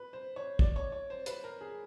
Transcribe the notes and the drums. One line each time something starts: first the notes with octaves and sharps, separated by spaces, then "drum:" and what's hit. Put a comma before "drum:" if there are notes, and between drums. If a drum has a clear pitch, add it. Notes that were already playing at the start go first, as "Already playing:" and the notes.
Already playing: B4
C5
C#5
D5, drum: kick
C#5
C#5
C5
B4, drum: hi-hat
A#4
G#4